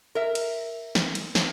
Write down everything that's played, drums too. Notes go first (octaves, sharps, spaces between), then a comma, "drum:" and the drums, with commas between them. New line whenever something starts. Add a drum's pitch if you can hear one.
A#4 E5
drum: cymbal
drum: snare
drum: cymbal
drum: snare